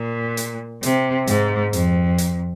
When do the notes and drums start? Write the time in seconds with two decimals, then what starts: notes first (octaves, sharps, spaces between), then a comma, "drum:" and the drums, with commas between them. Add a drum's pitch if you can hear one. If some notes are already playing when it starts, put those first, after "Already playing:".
Already playing: A#2
0.37 drum: hi-hat
0.83 C3, drum: hi-hat
1.27 G#2, drum: hi-hat
1.73 F2, drum: hi-hat
2.18 drum: hi-hat